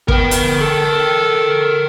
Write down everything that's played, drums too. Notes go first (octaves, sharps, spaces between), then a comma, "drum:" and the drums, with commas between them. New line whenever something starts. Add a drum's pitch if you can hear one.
B3 A#4 G5, drum: kick
drum: hi-hat
A4